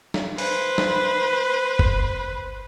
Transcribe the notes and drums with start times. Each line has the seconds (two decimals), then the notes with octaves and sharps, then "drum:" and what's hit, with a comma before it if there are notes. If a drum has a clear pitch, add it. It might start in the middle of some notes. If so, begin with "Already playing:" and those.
0.14 drum: snare
0.38 B4 C5, drum: open hi-hat
0.78 drum: snare
1.79 drum: kick